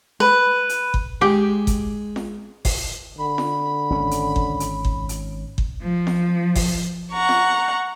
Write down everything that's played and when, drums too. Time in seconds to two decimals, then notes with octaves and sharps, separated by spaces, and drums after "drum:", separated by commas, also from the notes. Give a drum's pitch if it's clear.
0.20 B4
0.69 drum: hi-hat
0.94 drum: kick G1
1.21 G#3 G4
1.67 drum: kick G1, hi-hat
2.16 drum: snare F4
2.65 drum: kick G1, open hi-hat
3.18 D3 B5
3.38 drum: snare F4
3.90 G#1 C#4
4.11 drum: hi-hat
4.36 drum: kick G1
4.60 drum: hi-hat
4.85 drum: kick G1
5.09 drum: hi-hat
5.58 drum: kick G1
5.82 F3
6.07 drum: snare F4
6.56 drum: kick G1, open hi-hat
7.11 F#5 A#5 C#6
7.29 drum: snare F4